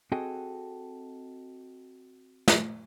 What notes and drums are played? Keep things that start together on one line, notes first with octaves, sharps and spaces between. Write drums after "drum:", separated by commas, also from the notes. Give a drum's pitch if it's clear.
C4 F#4 G#4 A4 D#5 G5
drum: snare